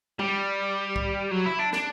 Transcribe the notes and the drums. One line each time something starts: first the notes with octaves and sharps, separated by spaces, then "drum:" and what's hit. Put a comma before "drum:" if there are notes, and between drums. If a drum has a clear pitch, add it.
G3, drum: tom G3
drum: kick
F#3
E4
D4
D4, drum: snare